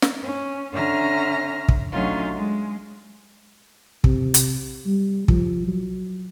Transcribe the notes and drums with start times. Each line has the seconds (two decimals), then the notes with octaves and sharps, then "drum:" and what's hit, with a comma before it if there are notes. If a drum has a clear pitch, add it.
0.02 drum: snare
0.23 C#4
0.72 D3 C#4 E5 A#5 F6 A#6
1.68 drum: kick
1.92 D3 F#3 A3 C#4 D#4 F4
2.35 G#3
4.04 C3, drum: kick
4.34 drum: hi-hat
4.86 G3
5.28 F3, drum: kick
5.68 F#3